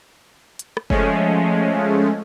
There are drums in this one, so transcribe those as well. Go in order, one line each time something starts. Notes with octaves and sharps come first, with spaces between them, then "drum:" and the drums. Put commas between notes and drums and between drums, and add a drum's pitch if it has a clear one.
drum: hi-hat
drum: rim click
F3 G#3 A3 C#4, drum: kick